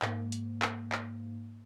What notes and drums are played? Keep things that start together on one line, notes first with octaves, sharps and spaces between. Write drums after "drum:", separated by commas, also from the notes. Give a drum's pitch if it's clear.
G#2 A#3, drum: clap
drum: hi-hat
drum: clap
drum: clap